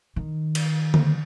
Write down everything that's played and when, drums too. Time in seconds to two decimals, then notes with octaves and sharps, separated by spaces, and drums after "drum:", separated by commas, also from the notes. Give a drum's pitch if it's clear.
0.16 D#3
0.55 drum: cymbal
0.94 drum: tom D3